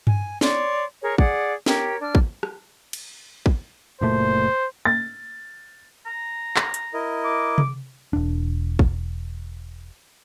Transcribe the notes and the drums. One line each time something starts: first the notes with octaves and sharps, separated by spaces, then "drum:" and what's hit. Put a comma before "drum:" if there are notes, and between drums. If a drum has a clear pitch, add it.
G#5, drum: tom G2
C#5 D5 C6, drum: snare
G#4 A#4 C#5
G#4 D5 F#5, drum: kick
G4 A#4 C#5 G5, drum: snare
D4 F6
drum: kick
drum: rim click
drum: cymbal
drum: kick
F#1 A#2 A3 C5
A6
A#5
drum: clap
drum: hi-hat
E4 A#4 D#5
D6
drum: tom C3
E1 D4
drum: kick